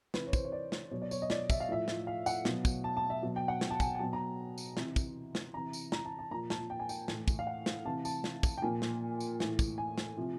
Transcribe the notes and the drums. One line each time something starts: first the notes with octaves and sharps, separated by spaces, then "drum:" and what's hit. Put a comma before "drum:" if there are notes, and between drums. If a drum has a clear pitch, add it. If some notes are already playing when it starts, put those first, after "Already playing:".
C3 E3 B4, drum: snare
C#5
C5, drum: kick, tambourine
C#5
D5
drum: snare
B2 F#3 C#5
D5
C#5, drum: tambourine
D#5
D5, drum: snare
E5, drum: kick, tambourine
F5
A2 F3 E5
drum: snare
F5
F#5, drum: tambourine
B2 F#3, drum: snare
drum: kick, tambourine
A5
A5
E5
B2 F#3
G5
F#5
drum: snare
A5
G#5, drum: kick, tambourine
G#5
B2 F#3 A5
A#5
drum: tambourine
C3 E3, drum: snare
drum: kick, tambourine
drum: snare
C3 E3 A#5
drum: tambourine
A#5, drum: snare
A5
A5
A#2 F3 A#5
A5, drum: snare
G5
G#5
G5, drum: tambourine
A2 E3, drum: snare
drum: kick, tambourine
F5
F#5
drum: snare
C3 E3 A5
A5, drum: tambourine
drum: snare
drum: kick, tambourine
G5
A#2 F3 G#5
drum: snare
drum: tambourine
A2 E3, drum: snare
drum: kick, tambourine
G#5
drum: snare
C3 F3